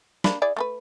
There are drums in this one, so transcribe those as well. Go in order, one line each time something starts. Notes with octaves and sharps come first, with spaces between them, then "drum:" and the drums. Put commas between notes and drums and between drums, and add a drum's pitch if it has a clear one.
A#3 D4 B5, drum: snare
E4 G#4 D5
A3 A4 B4